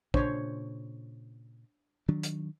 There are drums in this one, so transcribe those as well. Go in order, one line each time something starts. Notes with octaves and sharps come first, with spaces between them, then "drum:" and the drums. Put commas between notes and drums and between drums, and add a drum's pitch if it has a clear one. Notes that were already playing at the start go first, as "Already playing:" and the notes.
A#2 C#3 D4 C5 C#5, drum: kick
D#3 F#3 D4
drum: hi-hat